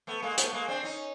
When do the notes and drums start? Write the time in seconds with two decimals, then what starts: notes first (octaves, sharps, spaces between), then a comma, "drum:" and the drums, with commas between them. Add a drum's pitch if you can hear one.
0.07 A3 B3
0.22 G#3 A#3
0.38 A3 B3, drum: hi-hat
0.48 B3
0.53 G#3 A#3
0.68 C4 D4
0.84 C#4 D#4